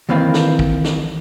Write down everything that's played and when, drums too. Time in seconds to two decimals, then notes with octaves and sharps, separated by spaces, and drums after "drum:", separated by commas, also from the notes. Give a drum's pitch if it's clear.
0.09 D#3 E3 A#3 C4 B4 F5
0.34 drum: snare
0.59 drum: kick
0.84 drum: snare